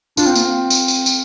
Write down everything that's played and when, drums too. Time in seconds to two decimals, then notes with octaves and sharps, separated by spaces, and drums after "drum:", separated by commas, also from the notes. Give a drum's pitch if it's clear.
0.17 D4 F4, drum: tambourine
0.26 C4
0.35 A#3, drum: tambourine
0.44 C4
0.70 drum: tambourine
0.88 drum: tambourine
1.06 drum: tambourine